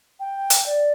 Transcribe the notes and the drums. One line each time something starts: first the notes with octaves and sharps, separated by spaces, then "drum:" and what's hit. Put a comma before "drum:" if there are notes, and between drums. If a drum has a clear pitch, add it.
G5
drum: hi-hat
D5